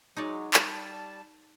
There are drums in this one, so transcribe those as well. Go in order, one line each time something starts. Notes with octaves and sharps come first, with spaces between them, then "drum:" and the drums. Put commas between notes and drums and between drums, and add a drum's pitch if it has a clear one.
F#3 G#3 D#4 C#5 D5
G3 A5, drum: clap